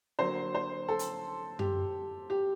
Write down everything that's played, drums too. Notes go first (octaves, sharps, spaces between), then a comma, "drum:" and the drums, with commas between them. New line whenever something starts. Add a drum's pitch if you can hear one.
D3 F#3 A#3 C5
C5
A4
drum: hi-hat
G4, drum: tom F#2
G4